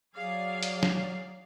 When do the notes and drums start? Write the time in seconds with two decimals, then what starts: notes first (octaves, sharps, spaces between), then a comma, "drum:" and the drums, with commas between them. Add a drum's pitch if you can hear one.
0.15 F#3 G#4 D5 F5
0.63 drum: hi-hat
0.83 drum: snare